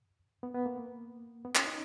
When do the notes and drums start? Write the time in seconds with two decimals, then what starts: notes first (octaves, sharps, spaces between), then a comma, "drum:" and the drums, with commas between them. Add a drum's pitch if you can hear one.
0.43 B3
0.55 B3
0.66 A#3
1.45 B3
1.55 C#4, drum: clap
1.67 D#4